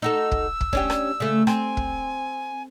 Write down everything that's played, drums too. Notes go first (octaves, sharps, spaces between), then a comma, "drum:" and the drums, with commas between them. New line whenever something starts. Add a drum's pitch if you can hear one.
D#4 F#4 A4 E6
drum: kick
drum: kick
C#4 D4 G4, drum: kick
drum: rim click
C#3 A3
C4 G#5, drum: rim click
drum: kick